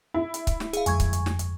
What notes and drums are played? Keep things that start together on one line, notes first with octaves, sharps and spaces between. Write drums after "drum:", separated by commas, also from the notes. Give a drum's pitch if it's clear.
E4
drum: hi-hat
drum: kick C#1, hi-hat
drum: snare
G#4 F5, drum: hi-hat
G1 F2 G#3 G#5 C#6 G#6, drum: hi-hat
drum: kick C#1, hi-hat
drum: hi-hat
drum: snare
drum: hi-hat